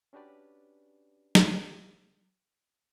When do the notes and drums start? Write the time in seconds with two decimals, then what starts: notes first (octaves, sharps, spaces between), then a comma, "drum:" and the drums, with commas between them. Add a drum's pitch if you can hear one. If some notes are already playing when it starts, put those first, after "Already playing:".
0.13 C#4 D4 F#4 G4 B4 D5
1.35 drum: snare